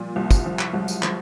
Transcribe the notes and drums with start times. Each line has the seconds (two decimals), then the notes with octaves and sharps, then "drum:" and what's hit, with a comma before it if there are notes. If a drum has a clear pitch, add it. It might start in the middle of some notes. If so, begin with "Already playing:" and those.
Already playing: A#2 F3 G3
0.16 C2
0.31 drum: kick, tambourine
0.46 F3
0.59 drum: clap
0.73 C2 F#3 G#3
0.88 drum: tambourine
1.03 F3, drum: clap